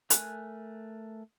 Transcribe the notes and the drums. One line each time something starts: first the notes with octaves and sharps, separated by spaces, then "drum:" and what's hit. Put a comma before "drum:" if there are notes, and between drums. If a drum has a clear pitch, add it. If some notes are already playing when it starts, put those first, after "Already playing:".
A3 A#4 G#5 F#6, drum: hi-hat